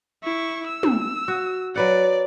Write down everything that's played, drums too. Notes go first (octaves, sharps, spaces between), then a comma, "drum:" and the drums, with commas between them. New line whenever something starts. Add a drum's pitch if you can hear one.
E4 C#6
E6
drum: tom
F#4
F#3 B4 D5 F#5